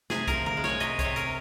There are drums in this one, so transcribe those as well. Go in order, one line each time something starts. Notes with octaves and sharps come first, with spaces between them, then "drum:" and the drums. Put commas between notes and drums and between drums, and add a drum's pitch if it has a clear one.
C3 G#4, drum: snare
A#4, drum: kick C2, hi-hat
F3
A#4, drum: tom D3
G#3
C#5, drum: snare
C3 D#5, drum: hi-hat
C#5, drum: kick C2, hi-hat
C3
A#4, drum: hi-hat